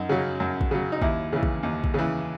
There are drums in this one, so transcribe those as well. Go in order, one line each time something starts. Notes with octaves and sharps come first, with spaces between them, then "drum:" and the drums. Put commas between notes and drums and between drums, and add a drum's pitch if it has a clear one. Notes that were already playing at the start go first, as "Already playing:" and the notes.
Already playing: F#2 D#4
C#3 F#3
F#2
drum: kick
C#3 F#3
D#4
D#2 E4, drum: kick
C#3 E3
drum: kick
D#2
drum: kick
C#3 E3